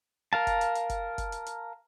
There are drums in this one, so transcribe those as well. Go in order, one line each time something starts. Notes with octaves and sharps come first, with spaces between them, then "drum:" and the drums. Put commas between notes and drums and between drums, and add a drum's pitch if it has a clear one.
A#4 F5 A5
drum: kick F#1, hi-hat
drum: hi-hat
drum: hi-hat
drum: kick F#1, hi-hat
drum: kick F#1, hi-hat
drum: hi-hat
drum: hi-hat